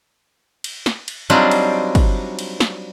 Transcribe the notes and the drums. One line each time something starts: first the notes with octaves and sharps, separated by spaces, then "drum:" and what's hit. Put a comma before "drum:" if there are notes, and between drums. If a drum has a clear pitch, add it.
drum: cymbal
drum: snare
drum: cymbal
F#3 G3 C4 D4 D#4 F4
drum: cymbal
drum: kick, cymbal
drum: cymbal
drum: snare